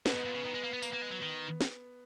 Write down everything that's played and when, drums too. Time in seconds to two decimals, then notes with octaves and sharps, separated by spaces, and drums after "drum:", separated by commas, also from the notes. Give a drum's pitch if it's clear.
0.06 B2 B3, drum: snare
0.16 G#2
0.25 A#2
0.35 C#3
0.45 D#3
0.54 G#3
0.64 A#3
0.73 B3
0.82 A#3, drum: tambourine
0.93 A#3
1.02 G#3
1.12 F#3
1.22 D#3
1.61 drum: snare